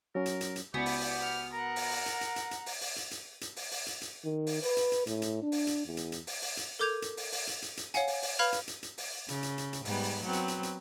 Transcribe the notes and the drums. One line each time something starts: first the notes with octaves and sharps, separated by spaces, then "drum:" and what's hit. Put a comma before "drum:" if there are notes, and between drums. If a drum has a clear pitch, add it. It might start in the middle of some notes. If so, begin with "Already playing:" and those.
F#3 C#4 A#4
drum: hi-hat
drum: hi-hat
drum: hi-hat
C#2 B3 E4 F#4 G4 D5 G#5
drum: open hi-hat
drum: open hi-hat
F6
A#4 F#5 A#5
drum: open hi-hat
drum: open hi-hat
drum: hi-hat
drum: hi-hat
drum: hi-hat
drum: hi-hat
drum: open hi-hat
drum: open hi-hat
drum: hi-hat
drum: hi-hat
drum: hi-hat
drum: open hi-hat
drum: open hi-hat
drum: hi-hat
drum: hi-hat
D#3
drum: open hi-hat
B4, drum: open hi-hat
drum: hi-hat
drum: hi-hat
A2, drum: hi-hat
drum: hi-hat
D4
drum: open hi-hat
drum: hi-hat
E2
drum: hi-hat
drum: hi-hat
drum: open hi-hat
drum: open hi-hat
drum: hi-hat
A4 A#4 D6 G6 G#6 F7
drum: hi-hat
drum: open hi-hat
drum: open hi-hat
drum: hi-hat
drum: hi-hat
drum: hi-hat
C#5 F5 F#5 G#5, drum: hi-hat
drum: open hi-hat
drum: open hi-hat
B4 F5 B5 F6 G#6 F7
drum: hi-hat
drum: hi-hat
drum: hi-hat
drum: open hi-hat
C#3, drum: hi-hat
drum: hi-hat
drum: hi-hat
drum: hi-hat
G#2 G3 B3, drum: open hi-hat
drum: open hi-hat
F#3 B3 C4
drum: hi-hat
drum: hi-hat
drum: hi-hat